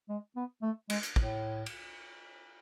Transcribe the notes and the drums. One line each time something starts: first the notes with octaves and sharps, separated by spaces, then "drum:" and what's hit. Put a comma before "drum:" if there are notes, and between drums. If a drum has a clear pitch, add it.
G#3
B3
A3
G#3, drum: cymbal
drum: hi-hat
A2, drum: kick
drum: cymbal